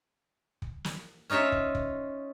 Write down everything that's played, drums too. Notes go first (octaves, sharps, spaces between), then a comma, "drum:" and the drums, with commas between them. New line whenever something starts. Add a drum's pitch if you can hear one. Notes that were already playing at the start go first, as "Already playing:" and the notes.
drum: kick
drum: snare
C#4 D#4 F4 C#5 E5
drum: kick
drum: kick